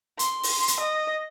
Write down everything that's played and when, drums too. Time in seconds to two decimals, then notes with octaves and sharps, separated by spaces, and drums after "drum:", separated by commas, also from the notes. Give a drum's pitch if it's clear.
0.19 C6, drum: hi-hat
0.43 drum: open hi-hat
0.68 drum: hi-hat
0.80 D#5